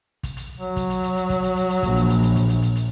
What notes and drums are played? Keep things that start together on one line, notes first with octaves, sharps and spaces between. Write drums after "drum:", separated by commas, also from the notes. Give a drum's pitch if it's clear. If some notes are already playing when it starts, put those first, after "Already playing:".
drum: kick, hi-hat
drum: hi-hat
F#3
drum: kick, hi-hat
drum: hi-hat
drum: hi-hat
drum: hi-hat
drum: kick, hi-hat
drum: hi-hat
drum: hi-hat
drum: hi-hat
A#1, drum: kick, hi-hat
drum: hi-hat
drum: hi-hat
drum: hi-hat
drum: kick, hi-hat
drum: hi-hat
drum: hi-hat
drum: hi-hat